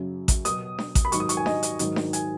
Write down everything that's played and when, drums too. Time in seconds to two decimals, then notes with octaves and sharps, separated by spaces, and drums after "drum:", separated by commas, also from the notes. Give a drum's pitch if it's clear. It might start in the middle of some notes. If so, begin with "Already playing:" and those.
Already playing: F#2 C#3 F#3
0.28 drum: kick A1, hi-hat
0.45 B2 F#3 D#6, drum: hi-hat
0.79 drum: snare D4
0.95 drum: kick A1, hi-hat
1.05 B5
1.12 G#2 D#3 F#3 C#6, drum: hi-hat
1.20 D#6
1.29 C#6, drum: hi-hat
1.37 G#5
1.46 D#5, drum: snare D4
1.63 drum: hi-hat
1.79 G#2 D#3 F#3, drum: hi-hat
1.96 drum: snare D4
2.13 G#5, drum: hi-hat